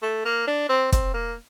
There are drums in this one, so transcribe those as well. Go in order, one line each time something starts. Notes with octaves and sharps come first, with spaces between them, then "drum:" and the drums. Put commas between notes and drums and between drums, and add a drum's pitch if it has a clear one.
A3
A#3
D4
C4
C4, drum: kick, hi-hat
A#3